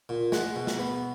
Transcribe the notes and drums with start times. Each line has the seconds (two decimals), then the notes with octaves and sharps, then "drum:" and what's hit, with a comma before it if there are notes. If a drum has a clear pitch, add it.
0.09 A#2
0.32 G#3 F#5, drum: snare
0.56 B2
0.67 drum: snare
0.79 B3